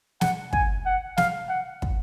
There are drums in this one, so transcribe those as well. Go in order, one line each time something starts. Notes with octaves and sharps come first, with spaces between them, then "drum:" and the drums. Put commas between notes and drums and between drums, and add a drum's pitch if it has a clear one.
F#5, drum: snare
G#5, drum: kick
F#5
F5, drum: snare
F#5
drum: kick